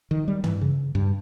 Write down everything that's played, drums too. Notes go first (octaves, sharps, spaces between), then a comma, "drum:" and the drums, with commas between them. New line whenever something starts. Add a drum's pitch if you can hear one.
D#3
G3
E3, drum: tom
C#3
G2